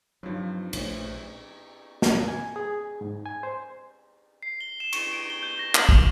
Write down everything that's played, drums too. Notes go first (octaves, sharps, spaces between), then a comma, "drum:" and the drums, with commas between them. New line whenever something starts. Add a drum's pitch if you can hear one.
G2 F3 F#3 C4 D#4 F4
A#1 A3 C5 C#5 E5, drum: cymbal
drum: snare
G#5
G#4
G#2
G#5
C5
C7
G7
E7
C#6, drum: cymbal
D7
G7
G6
A#6
F#7, drum: clap
F7, drum: kick